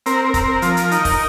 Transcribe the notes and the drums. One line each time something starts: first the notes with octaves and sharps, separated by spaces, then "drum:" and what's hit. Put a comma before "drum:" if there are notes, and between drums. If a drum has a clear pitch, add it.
C4 A#4, drum: hi-hat
A#4
C4, drum: kick F1, hi-hat
A#4
F3, drum: hi-hat
drum: hi-hat
D#4, drum: hi-hat
drum: kick F1, open hi-hat